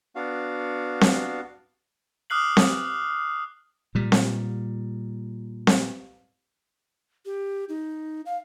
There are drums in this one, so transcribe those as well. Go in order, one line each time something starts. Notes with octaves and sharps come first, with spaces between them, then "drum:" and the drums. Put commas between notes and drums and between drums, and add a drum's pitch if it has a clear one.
B3 D4 F#4 F5
drum: snare C4
D6 D#6 F6 F#6 C7 F#7
drum: snare C4
A#2 G3
drum: snare C4
drum: snare C4
G4
D#4
F5